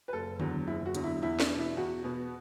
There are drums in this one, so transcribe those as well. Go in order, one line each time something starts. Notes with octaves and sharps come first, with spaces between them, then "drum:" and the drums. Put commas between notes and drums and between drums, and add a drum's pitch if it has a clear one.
B4
F#1 A4
E2 D3 F#3, drum: tom D3
F#1 E4
F#4
E2 D3 F#3, drum: hi-hat
E4
E2 E4
D4, drum: snare
B2 B3
E4
E2 F#4
B2 B3